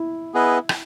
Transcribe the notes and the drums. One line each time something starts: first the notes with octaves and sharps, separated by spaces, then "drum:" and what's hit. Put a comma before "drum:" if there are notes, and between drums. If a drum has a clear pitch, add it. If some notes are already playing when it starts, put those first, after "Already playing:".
Already playing: E4
B3 E4 G#4 B4 D#5
drum: rim click